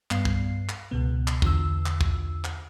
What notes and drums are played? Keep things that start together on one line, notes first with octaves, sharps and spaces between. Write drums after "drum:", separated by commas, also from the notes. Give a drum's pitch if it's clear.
G2 B3 F5 C7, drum: clap
drum: kick
drum: clap
C#2 B2 B3
drum: clap
E2 D3 F4 E6, drum: kick
drum: clap
drum: kick
drum: clap